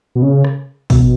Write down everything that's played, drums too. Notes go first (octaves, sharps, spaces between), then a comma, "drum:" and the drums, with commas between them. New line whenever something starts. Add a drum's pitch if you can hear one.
B2
C#3
drum: rim click
B2, drum: kick, open hi-hat